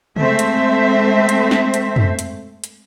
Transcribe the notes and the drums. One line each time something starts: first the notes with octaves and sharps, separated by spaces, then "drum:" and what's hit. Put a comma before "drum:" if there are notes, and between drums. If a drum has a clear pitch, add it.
G#3 A3 C4 C5 E5, drum: tom C3
drum: hi-hat
drum: hi-hat
drum: snare
drum: hi-hat
drum: tom
drum: hi-hat
drum: hi-hat